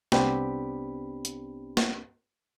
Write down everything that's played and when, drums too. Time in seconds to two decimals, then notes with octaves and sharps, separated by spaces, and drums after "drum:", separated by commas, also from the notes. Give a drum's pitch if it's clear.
0.12 C2 B3 C4 D4 G4 B5, drum: snare
1.25 drum: hi-hat
1.77 drum: snare